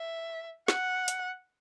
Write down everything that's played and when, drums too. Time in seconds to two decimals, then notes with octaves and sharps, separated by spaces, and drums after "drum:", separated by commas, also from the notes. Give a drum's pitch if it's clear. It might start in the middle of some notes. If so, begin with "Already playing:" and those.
Already playing: E5
0.68 F#5, drum: snare
1.08 drum: hi-hat